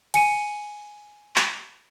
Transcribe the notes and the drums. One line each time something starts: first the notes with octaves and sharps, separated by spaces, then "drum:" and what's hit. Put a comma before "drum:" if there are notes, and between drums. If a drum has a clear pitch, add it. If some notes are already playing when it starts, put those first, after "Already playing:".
G#5 C#7 D#7, drum: cymbal
drum: clap